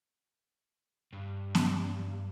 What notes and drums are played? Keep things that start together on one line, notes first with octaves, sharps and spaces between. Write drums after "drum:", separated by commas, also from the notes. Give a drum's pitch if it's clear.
G2
drum: snare B3